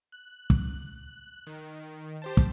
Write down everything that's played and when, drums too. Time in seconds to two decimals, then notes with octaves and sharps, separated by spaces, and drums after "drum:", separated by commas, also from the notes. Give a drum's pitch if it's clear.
0.12 F#6
0.50 drum: kick
1.47 D#3
2.22 G4 C5 A5
2.37 drum: kick